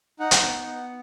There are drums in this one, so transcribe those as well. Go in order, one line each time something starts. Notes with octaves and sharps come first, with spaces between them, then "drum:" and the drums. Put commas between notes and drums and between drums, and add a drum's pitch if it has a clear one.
D#4 F#5
drum: hi-hat
B3
B3